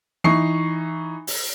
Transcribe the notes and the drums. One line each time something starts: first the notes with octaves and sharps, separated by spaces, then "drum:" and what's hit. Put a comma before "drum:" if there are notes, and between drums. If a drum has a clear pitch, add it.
E3 D#4 C#6 C7
drum: open hi-hat